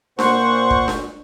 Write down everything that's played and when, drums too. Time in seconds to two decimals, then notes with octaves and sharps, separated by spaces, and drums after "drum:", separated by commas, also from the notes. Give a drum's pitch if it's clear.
0.19 A#2 C5 F#5 C#6, drum: snare D4
0.71 drum: kick
0.88 drum: snare D4